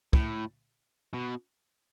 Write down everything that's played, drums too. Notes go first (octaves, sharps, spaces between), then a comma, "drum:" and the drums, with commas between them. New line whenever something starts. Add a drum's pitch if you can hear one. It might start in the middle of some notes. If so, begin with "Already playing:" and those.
A2, drum: kick
B2